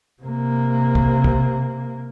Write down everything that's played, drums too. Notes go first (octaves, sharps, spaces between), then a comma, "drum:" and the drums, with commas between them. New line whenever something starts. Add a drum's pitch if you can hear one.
C3 A#3
drum: kick
drum: kick